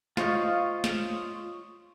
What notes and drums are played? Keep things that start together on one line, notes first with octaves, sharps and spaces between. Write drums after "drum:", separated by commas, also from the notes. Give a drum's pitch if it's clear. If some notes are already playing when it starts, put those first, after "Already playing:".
F4 C5 C#5 D#5 F5, drum: snare
drum: snare